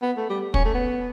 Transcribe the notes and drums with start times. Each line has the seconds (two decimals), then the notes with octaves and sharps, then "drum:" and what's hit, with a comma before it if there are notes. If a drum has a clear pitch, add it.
0.02 B3
0.17 A3
0.30 G3
0.54 C#4, drum: kick
0.65 A3
0.75 B3